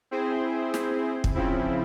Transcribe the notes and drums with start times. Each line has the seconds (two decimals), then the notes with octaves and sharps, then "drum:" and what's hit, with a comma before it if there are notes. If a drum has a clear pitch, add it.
0.11 C4 E4 G#4 C5
0.74 drum: snare
1.24 drum: kick
1.35 C#3 F3 C4 E4